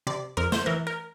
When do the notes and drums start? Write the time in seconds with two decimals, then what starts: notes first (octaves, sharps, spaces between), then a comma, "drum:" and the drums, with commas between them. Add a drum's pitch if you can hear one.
0.07 C3 D5
0.37 F2 A#4
0.52 C5, drum: snare
0.66 E3 A#4
0.87 A#4